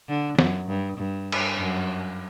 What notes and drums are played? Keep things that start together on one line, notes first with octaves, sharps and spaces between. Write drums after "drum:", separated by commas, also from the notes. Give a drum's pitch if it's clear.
D3
F#2, drum: snare
G2
G2
drum: cymbal
F#2